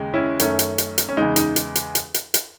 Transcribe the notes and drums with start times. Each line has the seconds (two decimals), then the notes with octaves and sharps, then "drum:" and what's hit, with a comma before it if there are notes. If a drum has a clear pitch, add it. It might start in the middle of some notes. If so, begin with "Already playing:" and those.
Already playing: D#2 C#3 G#3
0.14 C#4 E4
0.39 F#2 D#3 A3 C#4, drum: hi-hat
0.59 drum: hi-hat
0.78 drum: hi-hat
0.98 drum: hi-hat
1.09 C#4
1.17 E2 C#3 G#3 D#4
1.36 D#4, drum: hi-hat
1.56 drum: hi-hat
1.75 drum: hi-hat
1.95 drum: hi-hat
2.14 drum: hi-hat
2.34 drum: hi-hat